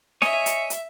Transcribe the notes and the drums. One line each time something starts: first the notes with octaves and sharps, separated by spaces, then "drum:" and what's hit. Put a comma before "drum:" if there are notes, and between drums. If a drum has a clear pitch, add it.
C#5 D#5 E5 G#5, drum: snare
drum: hi-hat
drum: hi-hat